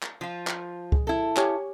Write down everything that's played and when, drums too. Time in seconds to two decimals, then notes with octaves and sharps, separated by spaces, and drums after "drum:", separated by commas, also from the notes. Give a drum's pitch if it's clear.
0.03 drum: clap
0.21 F3 F4
0.47 drum: clap
0.92 G#4, drum: kick C#2
1.07 E4 A4
1.37 G4 C#5 G#5, drum: clap